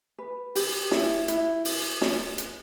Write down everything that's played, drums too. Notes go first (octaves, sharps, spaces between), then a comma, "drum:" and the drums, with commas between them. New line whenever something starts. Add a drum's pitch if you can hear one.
B4
G4, drum: open hi-hat
E4, drum: snare
E4, drum: hi-hat
drum: open hi-hat
drum: snare
drum: hi-hat